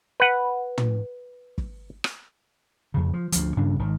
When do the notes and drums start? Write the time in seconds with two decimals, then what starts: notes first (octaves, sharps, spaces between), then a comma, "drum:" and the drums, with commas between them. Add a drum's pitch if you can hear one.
0.20 B4 F#5
0.78 drum: tom
1.58 drum: kick
2.04 drum: rim click
2.94 F2 C#3
3.14 F3
3.32 D2 F3, drum: hi-hat
3.57 G2 C#3 G3 D4
3.79 G#1 D#3